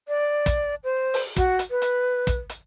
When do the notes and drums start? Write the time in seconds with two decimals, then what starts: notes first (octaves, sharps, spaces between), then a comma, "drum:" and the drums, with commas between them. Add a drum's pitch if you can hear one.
0.08 D5
0.46 drum: kick, hi-hat
0.84 C5
1.14 drum: open hi-hat
1.37 F#4, drum: kick, hi-hat
1.59 drum: hi-hat
1.71 B4
1.82 drum: hi-hat
2.27 drum: kick, hi-hat
2.50 drum: hi-hat